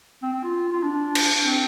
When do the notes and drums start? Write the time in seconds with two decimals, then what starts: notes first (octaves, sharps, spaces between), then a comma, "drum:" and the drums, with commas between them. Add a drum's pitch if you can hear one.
0.23 C4
0.33 C4
0.43 F4
0.72 F4
0.83 D4
1.15 drum: cymbal
1.43 C4